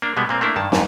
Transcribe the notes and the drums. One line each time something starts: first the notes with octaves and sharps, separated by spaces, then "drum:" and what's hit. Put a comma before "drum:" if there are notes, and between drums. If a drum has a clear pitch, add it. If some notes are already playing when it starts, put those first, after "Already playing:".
A#3 D4
B2 G3 G#3 B3
A#2 A#3 C4
A3 A#3 D4 E4
G2 D#3 A5
F2 G#2, drum: snare